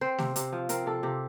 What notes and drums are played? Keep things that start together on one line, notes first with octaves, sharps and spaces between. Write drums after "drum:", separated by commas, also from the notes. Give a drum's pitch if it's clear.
C4 C5
C3, drum: snare A3
C3, drum: hi-hat
F3
C4 A#4, drum: hi-hat
C3 A4
C3 G4